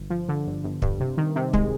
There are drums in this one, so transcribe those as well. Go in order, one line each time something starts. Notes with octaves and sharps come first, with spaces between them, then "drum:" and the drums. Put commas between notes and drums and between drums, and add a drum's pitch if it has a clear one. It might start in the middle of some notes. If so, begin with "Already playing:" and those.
Already playing: G1
F3
D3
G1
G1
G2, drum: kick
C3
D#3
C3
G#3, drum: kick